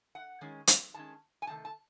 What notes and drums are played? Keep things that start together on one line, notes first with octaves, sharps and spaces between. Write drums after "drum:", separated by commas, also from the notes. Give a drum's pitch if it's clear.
F#5
D#3 G#3 C#4
drum: hi-hat
D#3 G#3 C#4 A5
G#5
C3 D#3 A3 A5
A5